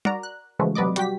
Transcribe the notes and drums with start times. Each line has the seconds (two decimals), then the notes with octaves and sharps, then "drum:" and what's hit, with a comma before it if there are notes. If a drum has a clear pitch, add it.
0.05 F#4 A#4 D5 A#5, drum: tom
0.23 F#6
0.59 C#3 E3 F3 G#3 A3 F#4
0.75 C3 F#3 B4 D5 D#5 D6
0.96 G3 F#4 G4 B6, drum: hi-hat